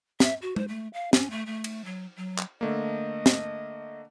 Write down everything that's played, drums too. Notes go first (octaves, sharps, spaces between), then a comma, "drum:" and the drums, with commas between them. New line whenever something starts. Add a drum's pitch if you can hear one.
E5, drum: snare
F#4
C5, drum: tom G#3
A3
F5
C#4, drum: snare
A3
A3
drum: cymbal
F#3
F#3
drum: clap
D3 A3 A#3 D#5
drum: snare